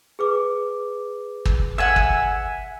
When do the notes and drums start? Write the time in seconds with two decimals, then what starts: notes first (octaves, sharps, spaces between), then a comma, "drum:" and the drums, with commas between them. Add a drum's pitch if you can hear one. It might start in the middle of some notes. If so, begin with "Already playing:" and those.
0.19 G#4 B4 D6
1.45 drum: kick
1.78 E5 F#5 G#5 E6
1.96 drum: kick